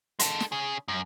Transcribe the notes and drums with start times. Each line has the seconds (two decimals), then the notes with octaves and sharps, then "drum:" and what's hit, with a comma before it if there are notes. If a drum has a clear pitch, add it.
0.19 G#3 A4, drum: hi-hat
0.40 drum: snare
0.52 C#3 G#4
0.88 F#2